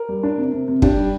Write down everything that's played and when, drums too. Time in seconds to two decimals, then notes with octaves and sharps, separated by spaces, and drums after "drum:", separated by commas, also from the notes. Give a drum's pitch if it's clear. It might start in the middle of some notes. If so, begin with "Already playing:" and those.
Already playing: A#4
0.09 G3
0.23 D4
0.38 C3
0.52 C3
0.68 C3
0.82 D4 G4, drum: kick
0.97 G3